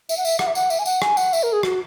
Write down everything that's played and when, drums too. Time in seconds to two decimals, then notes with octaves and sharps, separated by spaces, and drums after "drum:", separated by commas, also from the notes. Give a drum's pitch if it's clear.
0.09 E5, drum: tambourine
0.17 F#5
0.25 E5, drum: tambourine
0.39 F#5, drum: rim click
0.47 E5
0.55 F#5, drum: tambourine
0.70 E5, drum: tambourine
0.79 G#5
0.86 F#5, drum: tambourine
1.02 G#5, drum: rim click
1.17 F#5, drum: tambourine
1.33 E5, drum: tambourine
1.43 A#4
1.53 G#4
1.63 F#4, drum: rim click